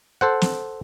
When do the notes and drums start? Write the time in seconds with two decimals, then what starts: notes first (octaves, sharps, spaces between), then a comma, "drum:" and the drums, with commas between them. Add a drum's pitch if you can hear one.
0.21 A4 C5 F#5
0.42 drum: snare